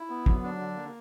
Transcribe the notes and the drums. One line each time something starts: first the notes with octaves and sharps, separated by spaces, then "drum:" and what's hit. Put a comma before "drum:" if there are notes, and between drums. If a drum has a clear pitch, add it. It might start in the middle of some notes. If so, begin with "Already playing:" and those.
Already playing: E4
B3
D3 F#3, drum: kick
D4
D3
A#3